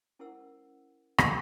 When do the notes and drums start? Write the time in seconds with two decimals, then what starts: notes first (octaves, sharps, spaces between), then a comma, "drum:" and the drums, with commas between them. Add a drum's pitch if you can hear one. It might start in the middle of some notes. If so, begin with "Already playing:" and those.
0.19 C#4 E4 A#4 C5 F#5 E6
1.18 drum: rim click